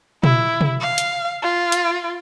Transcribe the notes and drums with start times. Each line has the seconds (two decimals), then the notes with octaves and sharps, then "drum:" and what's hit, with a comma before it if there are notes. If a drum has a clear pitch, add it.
0.23 E4, drum: tom
0.61 drum: tom
0.81 F5
0.98 drum: hi-hat
1.43 F4
1.72 drum: hi-hat